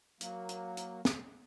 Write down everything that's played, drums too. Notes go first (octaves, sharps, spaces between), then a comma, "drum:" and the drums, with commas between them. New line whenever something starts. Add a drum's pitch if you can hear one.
F#3 A#3, drum: hi-hat
drum: hi-hat
drum: hi-hat
drum: snare